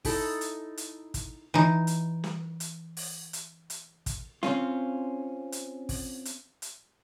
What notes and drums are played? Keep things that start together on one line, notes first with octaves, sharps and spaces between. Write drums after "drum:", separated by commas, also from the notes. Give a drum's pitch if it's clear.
D#4 E4 A4, drum: kick, open hi-hat
drum: hi-hat
drum: hi-hat
drum: kick, hi-hat
E3 D#4
drum: hi-hat
drum: snare
drum: hi-hat
drum: open hi-hat
drum: hi-hat
drum: hi-hat
drum: kick, hi-hat
C4 C#4 F4, drum: snare
drum: hi-hat
drum: kick, open hi-hat
drum: hi-hat
drum: hi-hat